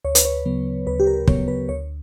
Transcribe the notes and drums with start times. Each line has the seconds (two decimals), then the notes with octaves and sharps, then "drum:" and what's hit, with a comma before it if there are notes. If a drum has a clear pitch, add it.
0.05 D2 C#5
0.15 B4, drum: hi-hat
0.25 C#5
0.46 C#3 F#3 B3
0.86 D2 B4
1.00 G4
1.07 A#4
1.28 C#3 F#3 B3 C#5, drum: kick
1.48 B4
1.69 D2 C#5